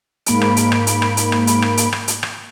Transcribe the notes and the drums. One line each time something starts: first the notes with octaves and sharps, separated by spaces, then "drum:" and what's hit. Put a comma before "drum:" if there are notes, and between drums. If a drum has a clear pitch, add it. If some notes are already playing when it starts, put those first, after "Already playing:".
G#2 A#3 B5 D7, drum: hi-hat
drum: rim click
drum: hi-hat
drum: rim click
drum: hi-hat
drum: rim click
drum: hi-hat
drum: rim click
drum: hi-hat
drum: rim click
drum: hi-hat
drum: rim click
drum: hi-hat
drum: rim click